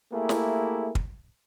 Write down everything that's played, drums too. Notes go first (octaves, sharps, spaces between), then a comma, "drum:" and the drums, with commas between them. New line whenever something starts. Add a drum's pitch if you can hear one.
A3 A#3 E4 G4 G#4
drum: snare
drum: kick